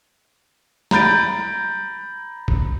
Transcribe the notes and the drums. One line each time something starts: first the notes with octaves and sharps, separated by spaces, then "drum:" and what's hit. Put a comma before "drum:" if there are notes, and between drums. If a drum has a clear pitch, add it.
A#5 B5 G6 A6 D7, drum: snare
drum: kick G#1